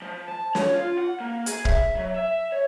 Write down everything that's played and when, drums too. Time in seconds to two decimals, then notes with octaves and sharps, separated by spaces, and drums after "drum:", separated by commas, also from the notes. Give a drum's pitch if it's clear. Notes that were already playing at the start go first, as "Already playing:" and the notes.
0.02 F3
0.28 A5
0.55 C#5, drum: snare
0.73 F4
0.97 F#5
1.20 A#3
1.46 G#4, drum: hi-hat
1.65 E5, drum: kick
1.95 F#3
2.16 E5
2.52 C#5